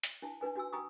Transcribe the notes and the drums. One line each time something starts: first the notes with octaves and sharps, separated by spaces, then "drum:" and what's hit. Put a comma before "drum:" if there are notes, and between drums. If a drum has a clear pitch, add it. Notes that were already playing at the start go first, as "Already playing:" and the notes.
drum: hi-hat
D4 E4 A5
D4 D#4 B4 G#5
D4 F#4 G#5 E6
D#4 G5 G#5 A#5 C#6 D#6